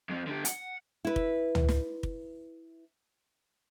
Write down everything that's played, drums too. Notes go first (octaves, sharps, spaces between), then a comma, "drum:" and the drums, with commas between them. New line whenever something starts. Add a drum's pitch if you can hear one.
F2 F3
D3 G4
F#5, drum: hi-hat
E4 B4
drum: kick
drum: tom
drum: snare
drum: kick